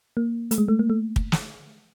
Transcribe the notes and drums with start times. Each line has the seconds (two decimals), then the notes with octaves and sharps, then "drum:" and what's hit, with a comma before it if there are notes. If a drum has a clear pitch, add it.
0.17 A#3
0.51 A3, drum: hi-hat
0.58 G#3
0.68 A3
0.79 A#3
0.90 A3
1.16 drum: kick
1.32 drum: snare